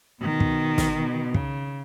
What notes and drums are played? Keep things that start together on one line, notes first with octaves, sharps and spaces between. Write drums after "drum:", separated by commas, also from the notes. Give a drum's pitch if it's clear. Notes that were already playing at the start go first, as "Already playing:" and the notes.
B2 D#3
drum: kick
drum: snare
B2
C#3, drum: kick